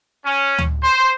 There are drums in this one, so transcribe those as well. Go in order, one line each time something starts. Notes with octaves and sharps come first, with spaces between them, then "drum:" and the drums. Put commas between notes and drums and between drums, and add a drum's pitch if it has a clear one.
C#4
drum: tom D2
C5